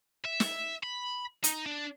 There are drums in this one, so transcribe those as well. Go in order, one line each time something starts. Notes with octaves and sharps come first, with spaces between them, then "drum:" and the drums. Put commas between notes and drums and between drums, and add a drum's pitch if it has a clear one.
E5
drum: snare
B5
D#4, drum: hi-hat
D4